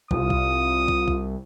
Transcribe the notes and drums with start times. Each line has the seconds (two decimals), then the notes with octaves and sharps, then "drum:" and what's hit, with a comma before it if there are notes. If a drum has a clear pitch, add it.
0.11 C2 F4 D#6, drum: kick
0.30 drum: kick
0.88 drum: kick
1.08 drum: kick